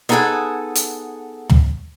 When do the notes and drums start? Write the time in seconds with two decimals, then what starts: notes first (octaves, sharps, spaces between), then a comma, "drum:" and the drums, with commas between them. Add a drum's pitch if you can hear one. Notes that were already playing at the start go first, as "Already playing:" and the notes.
0.09 B3 D#4 G#4 A4 F#5 G#5
0.75 drum: hi-hat
1.50 drum: tom